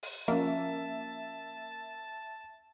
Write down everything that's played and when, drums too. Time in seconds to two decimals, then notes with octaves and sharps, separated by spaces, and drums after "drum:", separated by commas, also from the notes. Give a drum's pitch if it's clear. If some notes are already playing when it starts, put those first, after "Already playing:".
0.03 drum: open hi-hat
0.28 F3 A#3 C#4 E5 A5